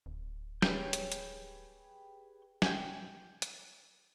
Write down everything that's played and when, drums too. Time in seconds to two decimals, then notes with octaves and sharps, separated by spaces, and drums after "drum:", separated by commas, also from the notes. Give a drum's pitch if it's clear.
0.06 D1
0.62 G4 G#4 B4 C#5 G6, drum: snare
0.93 drum: hi-hat
1.12 drum: hi-hat
2.62 G5 G#5, drum: snare
3.42 drum: hi-hat